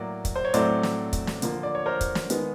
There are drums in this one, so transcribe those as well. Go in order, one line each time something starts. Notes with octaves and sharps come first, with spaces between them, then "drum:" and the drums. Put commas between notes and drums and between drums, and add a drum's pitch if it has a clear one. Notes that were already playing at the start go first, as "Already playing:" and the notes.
Already playing: A2 F#3 A#3 D5
drum: kick, hi-hat
C5
C#5
A2 F#3 A3 C4 C5 D5, drum: hi-hat
drum: snare
drum: kick, hi-hat
drum: snare
D3 F3 A#3, drum: hi-hat
D5
C#5
A#4 C5
drum: kick, hi-hat
drum: snare
D#3 G#3 B3, drum: hi-hat